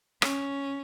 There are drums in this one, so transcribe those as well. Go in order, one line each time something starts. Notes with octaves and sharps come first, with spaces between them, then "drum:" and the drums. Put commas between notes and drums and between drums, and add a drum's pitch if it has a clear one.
C#4, drum: rim click